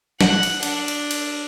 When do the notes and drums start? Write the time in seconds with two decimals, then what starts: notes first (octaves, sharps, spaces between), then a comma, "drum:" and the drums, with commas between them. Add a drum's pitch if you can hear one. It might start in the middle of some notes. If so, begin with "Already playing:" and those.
0.21 F#5, drum: snare
0.43 drum: cymbal
0.63 D4, drum: cymbal
0.88 drum: cymbal
1.11 drum: cymbal